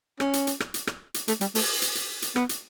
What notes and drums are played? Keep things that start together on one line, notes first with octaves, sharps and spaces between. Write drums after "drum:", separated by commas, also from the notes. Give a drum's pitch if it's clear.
C#4, drum: rim click
drum: hi-hat
drum: hi-hat
drum: rim click
drum: hi-hat
drum: rim click
drum: hi-hat
A3, drum: hi-hat
G3, drum: hi-hat
A3, drum: open hi-hat
drum: hi-hat
drum: hi-hat
drum: hi-hat
B3, drum: rim click
drum: hi-hat